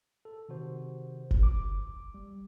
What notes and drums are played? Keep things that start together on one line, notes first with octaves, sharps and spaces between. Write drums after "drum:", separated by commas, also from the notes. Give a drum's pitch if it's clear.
A4
C3 D#3 F#4 C5
drum: kick F#1
D6
G3